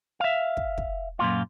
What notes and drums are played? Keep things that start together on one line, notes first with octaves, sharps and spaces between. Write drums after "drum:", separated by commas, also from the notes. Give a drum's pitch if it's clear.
E5 F5
drum: kick
drum: kick
F#2 A#2 F4